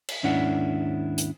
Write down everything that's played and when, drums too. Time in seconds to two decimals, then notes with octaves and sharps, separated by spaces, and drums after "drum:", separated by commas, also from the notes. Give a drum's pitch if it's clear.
0.09 drum: cymbal
0.23 D#2 G#2 C#4 D4 E4 F#5
1.18 drum: hi-hat